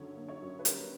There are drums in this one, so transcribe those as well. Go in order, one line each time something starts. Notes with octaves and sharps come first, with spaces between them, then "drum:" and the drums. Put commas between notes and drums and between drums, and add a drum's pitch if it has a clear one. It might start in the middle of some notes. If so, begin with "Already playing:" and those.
Already playing: F#2 D3 C#5
A#3
C#5
F#2
B4
G3 A#4, drum: hi-hat